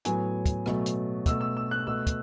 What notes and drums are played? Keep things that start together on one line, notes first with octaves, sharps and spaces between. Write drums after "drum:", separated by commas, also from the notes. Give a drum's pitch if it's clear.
A2 F#3 B3 G#5, drum: hi-hat
drum: kick, hi-hat
B2 F#3 A3, drum: rim click
drum: hi-hat
B2 A3 E6, drum: kick, hi-hat
E6
E6
F#6
B2 A3 E6
drum: kick, hi-hat